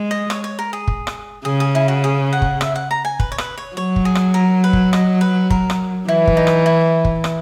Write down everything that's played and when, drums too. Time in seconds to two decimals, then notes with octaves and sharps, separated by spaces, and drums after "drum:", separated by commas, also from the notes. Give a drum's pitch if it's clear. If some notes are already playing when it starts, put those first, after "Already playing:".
Already playing: G#3
0.11 D#5
0.30 C#5, drum: rim click
0.44 C#5
0.59 A#4
0.73 G#4
0.88 drum: kick
1.07 drum: rim click
1.45 C#3 G#4
1.60 G#4
1.75 E4
1.88 F#4
2.04 G#4
2.33 F#5
2.42 drum: kick
2.61 E5, drum: rim click
2.76 F#5
2.91 A#5
3.05 G#5
3.20 B4, drum: kick
3.32 C#5
3.38 B4, drum: rim click
3.58 C#5
3.76 F#3 C#5
3.96 drum: kick
4.05 G#4
4.15 drum: rim click
4.34 A#4
4.64 B4
4.73 drum: kick
4.93 D#5, drum: rim click
5.21 B4
5.50 A#4, drum: kick
5.70 drum: rim click
6.08 E3 E4
6.27 drum: kick
6.37 D#4
6.47 drum: rim click
6.66 E4
7.05 drum: kick
7.24 drum: rim click